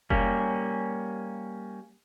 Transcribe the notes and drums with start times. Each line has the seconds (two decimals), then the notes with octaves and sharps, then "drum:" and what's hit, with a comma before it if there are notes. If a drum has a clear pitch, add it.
0.10 G3 A#3 C#4, drum: kick F1